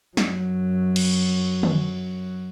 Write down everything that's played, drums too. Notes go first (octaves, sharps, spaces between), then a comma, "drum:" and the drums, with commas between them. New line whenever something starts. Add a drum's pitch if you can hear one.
F#2 F#3, drum: snare
drum: cymbal
drum: tom D3